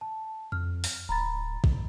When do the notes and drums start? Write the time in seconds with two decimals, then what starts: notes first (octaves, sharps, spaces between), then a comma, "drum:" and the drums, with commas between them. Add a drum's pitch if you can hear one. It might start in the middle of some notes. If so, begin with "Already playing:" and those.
0.01 A5
0.52 F2 F6
0.84 drum: open hi-hat
1.09 D1 A#5 B5 A6
1.64 drum: kick A#1